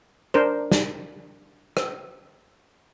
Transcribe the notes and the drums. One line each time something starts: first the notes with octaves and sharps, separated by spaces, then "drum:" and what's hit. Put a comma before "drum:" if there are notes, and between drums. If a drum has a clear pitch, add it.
D4 A#4 C5
drum: snare
drum: rim click